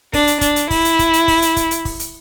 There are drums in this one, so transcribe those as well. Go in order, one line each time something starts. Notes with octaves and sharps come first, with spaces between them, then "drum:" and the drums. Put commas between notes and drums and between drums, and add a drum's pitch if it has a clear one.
D4, drum: kick, open hi-hat
drum: hi-hat
D4, drum: kick, hi-hat
drum: hi-hat
E4, drum: kick, open hi-hat
drum: hi-hat
drum: kick, hi-hat
drum: hi-hat
drum: kick, open hi-hat
drum: hi-hat
drum: kick, hi-hat
drum: hi-hat
drum: kick, open hi-hat
drum: hi-hat